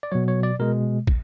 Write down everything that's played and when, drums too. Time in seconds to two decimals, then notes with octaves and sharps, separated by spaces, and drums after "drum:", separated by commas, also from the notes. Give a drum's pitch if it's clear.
0.03 D5
0.12 B2 F#3 C#5
0.28 C#5
0.43 D5
0.60 B2 G#3 A#4
1.07 drum: kick